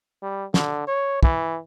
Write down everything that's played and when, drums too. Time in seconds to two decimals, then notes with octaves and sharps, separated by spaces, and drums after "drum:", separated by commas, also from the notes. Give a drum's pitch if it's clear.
0.23 G3
0.54 D3, drum: snare
0.87 C#5
1.23 E3, drum: kick